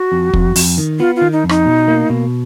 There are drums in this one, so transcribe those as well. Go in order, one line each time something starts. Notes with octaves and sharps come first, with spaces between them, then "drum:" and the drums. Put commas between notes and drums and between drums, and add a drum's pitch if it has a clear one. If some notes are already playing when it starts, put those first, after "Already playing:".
Already playing: F#4
F2
F2, drum: kick
F2, drum: open hi-hat
D#3
B3 F4
F4
D#3
D#4
F2
D#4, drum: rim click
B2
A#3
B2